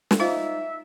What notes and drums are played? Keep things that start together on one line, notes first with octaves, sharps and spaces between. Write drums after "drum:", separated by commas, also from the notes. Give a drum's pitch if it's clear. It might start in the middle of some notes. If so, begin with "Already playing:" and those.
drum: snare
D#4 F4 C5 E5 F5